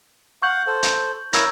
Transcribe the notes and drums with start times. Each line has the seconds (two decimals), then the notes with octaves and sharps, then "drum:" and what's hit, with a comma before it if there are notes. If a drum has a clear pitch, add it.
0.42 F5 F#5 C#6 G6 F#7
0.67 A4 C5
0.83 drum: hi-hat
1.33 E4 A#4 C#5 E6 A#6, drum: hi-hat